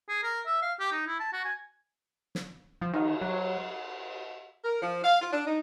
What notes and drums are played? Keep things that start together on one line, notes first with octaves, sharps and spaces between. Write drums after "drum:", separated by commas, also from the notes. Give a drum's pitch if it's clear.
G#4
A#4
E5
F5
G4
D#4
E4
A5
F#4
G#5
drum: snare
F3
D#3, drum: cymbal
F#3
A#4
F3
F5
F4
D4
D#4